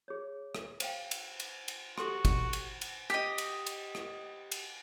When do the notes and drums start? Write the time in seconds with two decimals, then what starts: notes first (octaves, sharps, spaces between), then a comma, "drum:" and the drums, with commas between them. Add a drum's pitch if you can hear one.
0.08 G#4 C#5
0.55 drum: rim click
0.80 C5 F5 G5, drum: cymbal
1.11 drum: cymbal
1.40 drum: cymbal
1.68 drum: cymbal
1.98 F#4 G4 A4 C6, drum: rim click
2.25 drum: kick, cymbal
2.53 drum: cymbal
2.81 drum: cymbal
3.10 G4 D#5, drum: rim click
3.38 drum: cymbal
3.66 drum: cymbal
3.95 drum: rim click
4.52 drum: cymbal